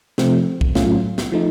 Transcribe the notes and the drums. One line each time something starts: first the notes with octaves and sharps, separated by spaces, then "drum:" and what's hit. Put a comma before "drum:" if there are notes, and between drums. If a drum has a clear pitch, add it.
C3 F3 A3 C4, drum: snare
drum: kick
A2 F#3 A3 C#4 F4, drum: snare
drum: snare
F3 A3 D#4